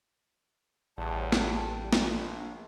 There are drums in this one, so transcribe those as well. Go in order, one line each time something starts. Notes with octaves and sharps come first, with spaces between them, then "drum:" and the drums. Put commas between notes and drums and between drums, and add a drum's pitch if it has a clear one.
A1 E2 G3 A5
drum: snare
A#1 D4, drum: snare